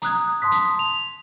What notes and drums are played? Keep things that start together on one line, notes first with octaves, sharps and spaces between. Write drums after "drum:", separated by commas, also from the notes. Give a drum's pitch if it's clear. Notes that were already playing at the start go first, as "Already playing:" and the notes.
A#5 D#6 F#6 G#6, drum: hi-hat
A5 C6 D#6 B6
drum: hi-hat
F7